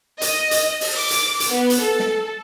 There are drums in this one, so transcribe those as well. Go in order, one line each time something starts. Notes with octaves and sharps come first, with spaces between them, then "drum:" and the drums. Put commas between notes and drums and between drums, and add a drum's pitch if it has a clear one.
D#5, drum: hi-hat
drum: hi-hat
drum: open hi-hat
D6
drum: hi-hat
drum: hi-hat
B3
drum: hi-hat
A4
drum: snare